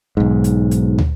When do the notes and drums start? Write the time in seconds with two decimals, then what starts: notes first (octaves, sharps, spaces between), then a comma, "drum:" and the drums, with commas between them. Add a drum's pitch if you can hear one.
0.17 B1 G#2
0.44 drum: hi-hat
0.71 drum: hi-hat
0.98 drum: tom